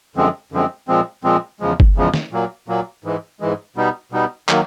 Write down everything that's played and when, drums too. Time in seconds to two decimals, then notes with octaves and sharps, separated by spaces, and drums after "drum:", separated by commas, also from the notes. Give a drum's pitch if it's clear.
0.16 F#2 D3 F3 G#3 C4
0.52 F#2 D3 F3 G#3 C4
0.88 A#2 F3 G#3 C4
1.24 A#2 F3 G#3 C4
1.60 E2 C#3 F3 G#3
1.80 drum: kick F#1
1.96 E2 C#3 F3 G#3
2.14 drum: snare
2.32 A#2 F#3 A#3
2.68 A#2 F#3 A#3
3.04 G#2 E3 G#3
3.40 G#2 E3 G#3
3.76 B2 G3 B3 D#4
4.12 B2 G3 B3 D#4
4.49 D#3 F#3 A#3, drum: clap